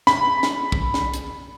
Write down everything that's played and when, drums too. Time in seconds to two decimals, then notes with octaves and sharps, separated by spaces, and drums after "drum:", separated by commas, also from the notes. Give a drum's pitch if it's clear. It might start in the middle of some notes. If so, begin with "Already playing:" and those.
0.07 B5, drum: snare
0.43 drum: snare
0.72 drum: kick
0.94 drum: snare
1.14 drum: hi-hat